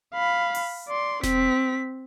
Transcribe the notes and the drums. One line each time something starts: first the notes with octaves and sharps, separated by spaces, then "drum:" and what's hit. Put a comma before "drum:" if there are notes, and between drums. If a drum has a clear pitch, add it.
F5 B5
drum: open hi-hat
D5 C6
C4 B6, drum: snare E1